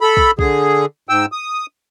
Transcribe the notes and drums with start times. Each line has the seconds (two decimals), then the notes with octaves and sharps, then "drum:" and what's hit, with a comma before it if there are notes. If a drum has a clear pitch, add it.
0.01 A4 B5
0.17 drum: kick
0.39 D3 G#4, drum: kick
1.09 G#2 G5 E6
1.32 D#6